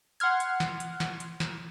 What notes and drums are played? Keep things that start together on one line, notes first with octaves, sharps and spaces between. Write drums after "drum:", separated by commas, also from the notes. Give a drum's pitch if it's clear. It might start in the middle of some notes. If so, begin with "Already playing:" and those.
F#5 C6 F6 G#6, drum: hi-hat
drum: hi-hat
drum: snare
drum: hi-hat
drum: snare
drum: hi-hat
drum: snare